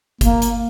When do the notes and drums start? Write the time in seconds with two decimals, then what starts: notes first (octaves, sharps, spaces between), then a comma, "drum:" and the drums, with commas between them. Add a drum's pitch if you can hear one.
0.21 A#3, drum: kick G1, hi-hat
0.42 drum: hi-hat